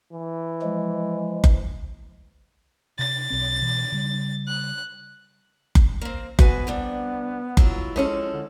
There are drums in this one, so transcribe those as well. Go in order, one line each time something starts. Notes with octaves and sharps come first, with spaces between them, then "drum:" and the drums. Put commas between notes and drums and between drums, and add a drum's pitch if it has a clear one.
E3
F3 G#3
drum: kick F#1
C3 A6
B1 C4
B2 E3
C#3 G3
F#6
drum: kick F#1
A#3 C4
C3 B3 F#4 B4 G#5, drum: kick F#1
C3 G3 D4
F#3 E4 F4, drum: kick F#1
F3 G#3 C4 C#4 A4
D3